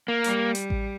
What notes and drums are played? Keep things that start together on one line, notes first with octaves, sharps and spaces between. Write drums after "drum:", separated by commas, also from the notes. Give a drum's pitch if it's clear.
A#3
G3, drum: hi-hat
drum: hi-hat
drum: kick A1